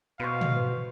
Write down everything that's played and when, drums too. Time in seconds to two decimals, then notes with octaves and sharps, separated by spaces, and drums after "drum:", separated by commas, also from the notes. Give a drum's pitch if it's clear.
0.20 B2 B4 C5 F5 C#6
0.41 drum: tom